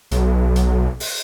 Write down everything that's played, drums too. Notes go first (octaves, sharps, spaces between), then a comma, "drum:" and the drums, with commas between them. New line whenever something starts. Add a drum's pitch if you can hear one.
B1, drum: hi-hat
drum: hi-hat
drum: open hi-hat